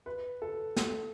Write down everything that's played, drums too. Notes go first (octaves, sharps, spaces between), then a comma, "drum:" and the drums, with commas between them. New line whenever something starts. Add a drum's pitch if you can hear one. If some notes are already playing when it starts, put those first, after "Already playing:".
B4
A4
A4, drum: snare